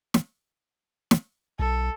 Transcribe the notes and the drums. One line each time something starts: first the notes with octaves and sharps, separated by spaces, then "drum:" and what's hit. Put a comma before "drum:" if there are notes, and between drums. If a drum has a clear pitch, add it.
drum: snare
drum: snare
B1 A4